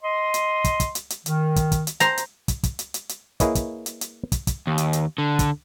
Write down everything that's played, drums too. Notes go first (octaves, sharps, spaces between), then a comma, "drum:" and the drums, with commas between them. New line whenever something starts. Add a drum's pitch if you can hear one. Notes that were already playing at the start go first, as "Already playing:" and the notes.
D#5 C6
drum: hi-hat
drum: kick, hi-hat
drum: kick, hi-hat
drum: hi-hat
drum: hi-hat
D#3, drum: hi-hat
drum: kick, hi-hat
drum: kick, hi-hat
drum: hi-hat
C5 A#5, drum: hi-hat
drum: hi-hat
drum: kick, hi-hat
drum: kick, hi-hat
drum: hi-hat
drum: hi-hat
drum: hi-hat
A#3 E4 G#4 B4 C#5 D#5, drum: kick, hi-hat
drum: kick, hi-hat
drum: hi-hat
drum: hi-hat
drum: kick, hi-hat
drum: kick, hi-hat
D#2
drum: hi-hat
drum: hi-hat
D3
drum: kick, hi-hat